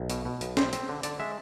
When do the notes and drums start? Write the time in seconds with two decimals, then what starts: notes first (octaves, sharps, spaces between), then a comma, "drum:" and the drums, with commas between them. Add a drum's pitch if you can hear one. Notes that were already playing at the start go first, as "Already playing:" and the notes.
Already playing: B1
0.10 B2, drum: hi-hat
0.25 B2
0.41 B1, drum: hi-hat
0.57 C4 C5, drum: snare
0.73 C4, drum: hi-hat
0.89 D3
1.03 D3 D5, drum: hi-hat
1.20 G#3 E5